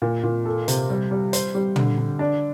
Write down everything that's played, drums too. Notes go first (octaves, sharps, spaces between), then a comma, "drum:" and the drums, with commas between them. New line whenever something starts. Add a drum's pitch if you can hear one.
A#2
A#2
A4
C3, drum: hi-hat
G3
G3
C5, drum: hi-hat
G3
D3, drum: tom
D3
D4